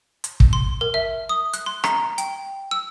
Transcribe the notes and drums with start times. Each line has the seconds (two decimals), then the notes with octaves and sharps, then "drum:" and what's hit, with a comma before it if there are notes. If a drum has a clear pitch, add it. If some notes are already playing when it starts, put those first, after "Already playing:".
0.24 drum: hi-hat
0.40 drum: kick
0.53 C6
0.81 A#4
0.94 E5
1.29 D#6
1.53 F#6, drum: hi-hat
1.66 C6
1.84 A#5, drum: rim click
2.18 G5, drum: hi-hat
2.71 E6